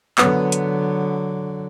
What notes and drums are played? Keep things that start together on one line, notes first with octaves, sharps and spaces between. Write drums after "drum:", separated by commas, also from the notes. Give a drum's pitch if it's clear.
D3 F#3 B3, drum: clap
drum: hi-hat